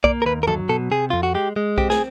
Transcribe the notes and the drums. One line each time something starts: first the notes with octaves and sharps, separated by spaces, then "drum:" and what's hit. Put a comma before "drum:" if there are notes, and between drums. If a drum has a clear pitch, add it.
A#3 D5, drum: kick B1
A#4
D#2 B4
A#4
F#3 A4, drum: tom G2
B2 A4
C3 G#4
F2 F4
F#4
G#3 G4
G#3
C4 G4, drum: kick B1
G#4, drum: snare